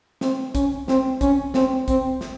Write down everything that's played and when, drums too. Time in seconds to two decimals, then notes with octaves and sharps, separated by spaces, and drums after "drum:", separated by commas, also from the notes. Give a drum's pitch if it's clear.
0.21 C4, drum: snare
0.55 C#4, drum: kick A#1, hi-hat
0.88 C4, drum: snare
1.21 C#4, drum: kick A#1, hi-hat
1.54 C4, drum: snare
1.88 C4, drum: kick A#1, hi-hat
2.21 drum: snare